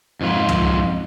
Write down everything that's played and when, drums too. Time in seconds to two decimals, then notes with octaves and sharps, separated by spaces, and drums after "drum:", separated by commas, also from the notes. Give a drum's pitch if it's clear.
0.21 F2 G#2 F4
0.49 drum: tom